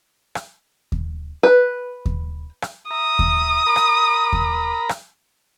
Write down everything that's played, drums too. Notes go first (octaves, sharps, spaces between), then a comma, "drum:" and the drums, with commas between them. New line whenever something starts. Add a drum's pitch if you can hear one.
drum: rim click
drum: kick D#2
B4
drum: kick D#2
drum: rim click
E5 A#5 D#6
drum: kick D#2
A#4 A#5 B5
drum: rim click
drum: kick D#2
drum: rim click